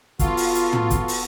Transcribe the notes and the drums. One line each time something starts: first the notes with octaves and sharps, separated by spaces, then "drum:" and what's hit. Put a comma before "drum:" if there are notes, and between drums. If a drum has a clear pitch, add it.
B3 F4 F#4 A4, drum: kick, hi-hat
drum: open hi-hat
drum: hi-hat
drum: tom
drum: kick, hi-hat
drum: open hi-hat